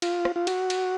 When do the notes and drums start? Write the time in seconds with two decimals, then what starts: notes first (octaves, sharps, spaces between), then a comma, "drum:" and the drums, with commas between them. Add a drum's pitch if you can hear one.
0.02 F4, drum: cymbal
0.25 drum: rim click
0.36 F4
0.47 F#4, drum: cymbal
0.70 drum: cymbal